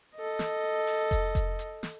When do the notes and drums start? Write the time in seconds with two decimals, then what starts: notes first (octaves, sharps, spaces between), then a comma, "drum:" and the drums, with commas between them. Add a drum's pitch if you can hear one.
0.15 A4 D#5
0.39 drum: snare
0.87 drum: open hi-hat
1.11 drum: kick F1, hi-hat
1.35 drum: kick F1, hi-hat
1.59 drum: hi-hat
1.83 drum: snare